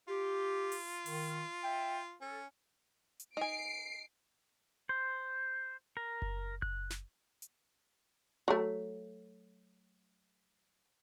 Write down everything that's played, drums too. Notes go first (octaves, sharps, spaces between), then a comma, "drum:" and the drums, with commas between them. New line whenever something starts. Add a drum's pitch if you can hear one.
F4 G4
drum: open hi-hat
D#3, drum: open hi-hat
E5 G5
C#4 A4
drum: hi-hat
D#4 G#5 C7 D7
C5
A#4
drum: kick F#1
F#6, drum: kick F#1
drum: snare
drum: hi-hat
F#3 A3